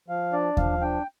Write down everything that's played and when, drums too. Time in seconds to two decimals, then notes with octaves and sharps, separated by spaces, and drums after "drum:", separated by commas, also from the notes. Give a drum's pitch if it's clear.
0.08 F3 F5
0.33 D4 D5
0.57 F3 F5, drum: kick D#2
0.81 D4 G5